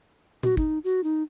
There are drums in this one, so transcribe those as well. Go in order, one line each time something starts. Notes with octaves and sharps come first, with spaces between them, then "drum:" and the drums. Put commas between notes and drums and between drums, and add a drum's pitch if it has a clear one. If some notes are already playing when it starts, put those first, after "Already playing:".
F#4, drum: tom A#2
D#4, drum: kick
F#4
D#4